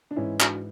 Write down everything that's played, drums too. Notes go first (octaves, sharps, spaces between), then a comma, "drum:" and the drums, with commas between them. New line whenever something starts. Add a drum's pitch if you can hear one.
D4
G#2 E3 C#4 E4
D4 F#4, drum: clap